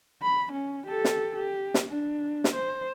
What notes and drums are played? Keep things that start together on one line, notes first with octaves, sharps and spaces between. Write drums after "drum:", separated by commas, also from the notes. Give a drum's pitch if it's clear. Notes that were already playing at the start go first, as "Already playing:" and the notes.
B5
C#4
G4 A4
drum: snare
G4
drum: snare
D4
drum: snare
C5